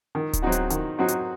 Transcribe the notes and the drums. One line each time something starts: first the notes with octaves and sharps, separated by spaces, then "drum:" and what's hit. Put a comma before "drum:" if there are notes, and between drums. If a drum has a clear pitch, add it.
D#3
drum: kick D1, hi-hat
F#3 C4 D#4 F#4
drum: hi-hat
D#3, drum: hi-hat
F#3 C4 D#4 F#4
drum: hi-hat